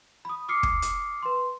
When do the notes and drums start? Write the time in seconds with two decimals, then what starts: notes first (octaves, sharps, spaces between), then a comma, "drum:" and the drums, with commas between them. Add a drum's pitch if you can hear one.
0.25 B5 D#6
0.48 D6 D#6 F6 C7 C#7
0.63 drum: kick
0.82 drum: hi-hat
1.23 B4 C6